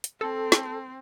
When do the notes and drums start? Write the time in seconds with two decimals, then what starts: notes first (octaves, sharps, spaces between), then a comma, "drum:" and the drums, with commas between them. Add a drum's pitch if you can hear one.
0.04 drum: hi-hat
0.21 C4 A4
0.52 drum: snare